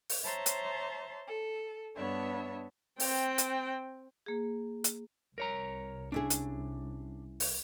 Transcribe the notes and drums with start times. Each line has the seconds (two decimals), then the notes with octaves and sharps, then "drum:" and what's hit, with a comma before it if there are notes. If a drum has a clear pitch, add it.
0.09 drum: open hi-hat
0.25 C5 C#5 E5 A5 A#5 C6
0.46 drum: hi-hat
1.27 A4
1.96 G2 B3 D4 C#5 E5 A5
3.00 C4 G5, drum: open hi-hat
3.38 drum: hi-hat
4.26 A#3 G#4
4.84 drum: hi-hat
5.38 C2 A#4 C#5 A#5
6.12 C#4 D4 E4 G#4
6.30 drum: hi-hat
7.40 drum: open hi-hat